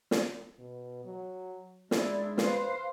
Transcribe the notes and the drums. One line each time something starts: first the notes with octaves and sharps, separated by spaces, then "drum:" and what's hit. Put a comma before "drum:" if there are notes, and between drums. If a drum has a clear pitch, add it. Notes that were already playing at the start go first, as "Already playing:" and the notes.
drum: snare
B2
F#3
G#3 D4 E4 D5, drum: snare
B4 C5 F5, drum: snare